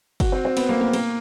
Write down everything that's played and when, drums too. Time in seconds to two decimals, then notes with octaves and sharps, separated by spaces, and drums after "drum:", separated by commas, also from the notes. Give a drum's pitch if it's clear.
0.20 F#4, drum: kick F#1, cymbal
0.32 C4
0.45 C4
0.57 B3, drum: cymbal
0.69 A#3
0.81 A#3
0.94 A#3, drum: cymbal